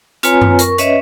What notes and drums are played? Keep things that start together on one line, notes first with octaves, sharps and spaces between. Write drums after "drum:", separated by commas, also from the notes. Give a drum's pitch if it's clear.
C4 F4 B4 C#5 G#5 A#5, drum: hi-hat
drum: tom F#2
A#4 C#6, drum: hi-hat
C#4 B4 C#5 D#5 E5, drum: hi-hat